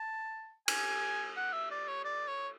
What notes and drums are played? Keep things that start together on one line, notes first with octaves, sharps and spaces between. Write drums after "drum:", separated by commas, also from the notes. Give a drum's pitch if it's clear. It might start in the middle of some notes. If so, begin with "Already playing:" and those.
Already playing: A5
G#5, drum: cymbal
F#5
E5
D5
C#5
D5
C#5